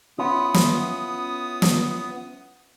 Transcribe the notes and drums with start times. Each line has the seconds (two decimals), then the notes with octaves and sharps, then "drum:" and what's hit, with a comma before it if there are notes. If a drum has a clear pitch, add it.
0.19 B3 C#4 E4 F4 D#6
0.54 drum: snare
1.62 drum: snare